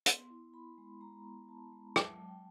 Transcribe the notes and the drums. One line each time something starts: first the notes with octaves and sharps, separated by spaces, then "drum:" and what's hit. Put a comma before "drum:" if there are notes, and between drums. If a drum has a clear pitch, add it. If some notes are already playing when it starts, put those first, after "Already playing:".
B3 C6, drum: hi-hat
E4
E4 B5
G#3
G#3 A#5
B3
G#3 A5
G#3
F#3 A5, drum: rim click
F#3
G5